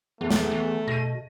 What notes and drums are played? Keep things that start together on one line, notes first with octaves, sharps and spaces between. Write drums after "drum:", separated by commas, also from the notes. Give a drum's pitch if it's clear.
E2 E3 A3
drum: snare
E3
B2 A#6 D#7